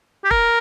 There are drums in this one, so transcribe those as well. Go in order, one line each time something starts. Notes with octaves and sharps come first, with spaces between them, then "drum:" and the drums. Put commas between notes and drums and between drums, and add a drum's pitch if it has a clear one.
G4
A#4, drum: kick E1